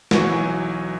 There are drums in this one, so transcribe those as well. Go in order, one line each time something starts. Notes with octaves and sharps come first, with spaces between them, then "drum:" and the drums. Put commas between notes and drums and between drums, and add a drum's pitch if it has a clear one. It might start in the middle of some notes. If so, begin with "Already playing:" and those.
B1 E3 F#3 G#5 C#6, drum: snare